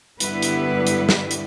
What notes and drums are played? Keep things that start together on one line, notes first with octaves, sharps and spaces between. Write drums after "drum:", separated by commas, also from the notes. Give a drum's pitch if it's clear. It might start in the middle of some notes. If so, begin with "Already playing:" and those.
G2 D3 G3 B3 E4 B4, drum: hi-hat
drum: hi-hat
drum: hi-hat
drum: snare
drum: hi-hat